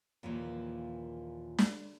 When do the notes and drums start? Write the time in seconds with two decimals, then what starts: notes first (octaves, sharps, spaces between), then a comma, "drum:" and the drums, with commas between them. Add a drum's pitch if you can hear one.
0.23 D#2 A#2 E3 F3
1.58 drum: snare